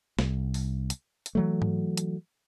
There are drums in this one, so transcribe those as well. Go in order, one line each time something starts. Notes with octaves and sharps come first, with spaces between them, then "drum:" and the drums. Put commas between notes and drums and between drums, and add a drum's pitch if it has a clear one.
C2, drum: snare
drum: open hi-hat
drum: hi-hat
drum: hi-hat
E3 F#3 A3
drum: tom G#2
drum: hi-hat